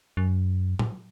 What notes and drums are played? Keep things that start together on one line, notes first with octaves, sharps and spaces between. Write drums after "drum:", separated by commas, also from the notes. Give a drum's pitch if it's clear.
F#2
drum: tom A2